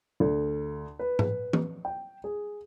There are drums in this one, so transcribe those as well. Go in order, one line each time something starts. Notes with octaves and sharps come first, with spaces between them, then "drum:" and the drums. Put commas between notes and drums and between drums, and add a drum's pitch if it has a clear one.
D2
B4
drum: tom G#2
drum: tom E3
G5
G#4